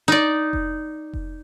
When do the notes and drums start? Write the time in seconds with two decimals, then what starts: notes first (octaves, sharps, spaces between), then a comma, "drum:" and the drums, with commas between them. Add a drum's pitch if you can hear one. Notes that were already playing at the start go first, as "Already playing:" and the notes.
0.08 D#4 D5
0.53 drum: kick F1
1.13 drum: kick F1